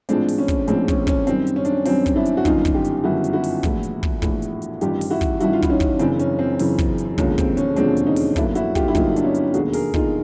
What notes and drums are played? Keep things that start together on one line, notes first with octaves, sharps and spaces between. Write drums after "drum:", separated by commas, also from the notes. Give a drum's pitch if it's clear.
A#1 A2 F3 G#3 C4 D4, drum: hi-hat
drum: open hi-hat
C#4
drum: kick, hi-hat
A#1 A2 F3 G#3 C4, drum: hi-hat
C#4, drum: kick, hi-hat
C#4, drum: kick, hi-hat
F#2 D#3 G3 C4, drum: hi-hat
drum: hi-hat
C#4
D4, drum: hi-hat
C#4
F#2 D#3 G3 C4, drum: open hi-hat
drum: kick, hi-hat
D4 E4
drum: hi-hat
F#4
G1 F#2 D#3 D#4 F4, drum: kick, hi-hat
drum: kick, hi-hat
F4 G4
drum: hi-hat
G1 F#2 D#3 E4 F#4
drum: hi-hat
E4 F#4
drum: open hi-hat
A#1 A2 E3, drum: kick, hi-hat
drum: hi-hat
drum: kick
A#1 A2 E3, drum: kick, hi-hat
drum: hi-hat
drum: hi-hat
A1 G2 D#3 G3 F4 G4, drum: hi-hat
drum: open hi-hat
E4 F#4
drum: kick, hi-hat
A1 G2 D#3 G3 E4 F#4, drum: hi-hat
F4
E4, drum: kick, hi-hat
C#4 D#4
drum: kick, hi-hat
F#1 F#2 C#3 E3 C4 D4, drum: hi-hat
C#4, drum: hi-hat
C4
F#1 F#2 C#3 E3, drum: open hi-hat
drum: kick, hi-hat
drum: hi-hat
E1 D#2 D3 F3 G#3 C#4, drum: kick, hi-hat
C4, drum: kick, hi-hat
C#4, drum: hi-hat
E1 D#2 D3 F3 G#3 C4 D4, drum: hi-hat
drum: hi-hat
C#4 D#4
drum: open hi-hat
G1 G2 D3 F#3 A#3 D4 E4, drum: kick, hi-hat
E4 F#4, drum: hi-hat
F4 G4, drum: kick, hi-hat
E4
G1 G2 D3 F#3 A#3 D#4 F4, drum: kick, hi-hat
D4, drum: hi-hat
C#4 D#4
drum: hi-hat
E1 D#2 D3 F#4 G#4, drum: hi-hat
G#4 A#4, drum: open hi-hat
D#4 F4, drum: kick